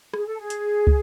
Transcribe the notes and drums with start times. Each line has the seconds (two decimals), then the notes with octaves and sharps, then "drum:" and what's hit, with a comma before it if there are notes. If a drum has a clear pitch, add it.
0.14 G#4, drum: rim click
0.26 A4
0.38 G#4
0.50 drum: hi-hat
0.87 drum: kick